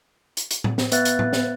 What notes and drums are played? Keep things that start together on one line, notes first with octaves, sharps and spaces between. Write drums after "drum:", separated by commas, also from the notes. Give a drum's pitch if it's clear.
drum: hi-hat
drum: hi-hat
drum: tom A2
drum: snare
B3 B4 E5 F#5 F#6 A6, drum: hi-hat
drum: hi-hat
drum: tom A2
drum: snare